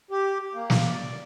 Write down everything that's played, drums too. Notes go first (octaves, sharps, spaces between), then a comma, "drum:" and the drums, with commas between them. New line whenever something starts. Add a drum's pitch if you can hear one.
G4
A#3
drum: snare
D5